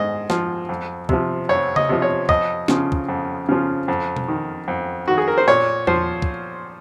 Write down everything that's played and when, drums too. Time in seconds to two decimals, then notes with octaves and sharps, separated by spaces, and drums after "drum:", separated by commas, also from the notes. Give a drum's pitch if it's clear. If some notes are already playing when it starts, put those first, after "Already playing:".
Already playing: G#2 D#5
0.30 F3, drum: snare
0.69 F2
1.09 C3 F3, drum: kick
1.49 F2 C#5
1.76 D#5, drum: tom C#3
1.89 C3 F3
2.02 C#5
2.29 F2 D#5, drum: kick
2.68 C#3 F3, drum: snare
2.92 drum: kick
3.09 F2
3.49 C#3 F3
3.88 F2
4.17 drum: tom B2
4.28 D#3
4.68 F2
5.08 D#3 F#4
5.18 G#4
5.28 A#4
5.38 C5
5.48 A#2 C#5
5.87 F3 C5, drum: tom E2
6.22 drum: kick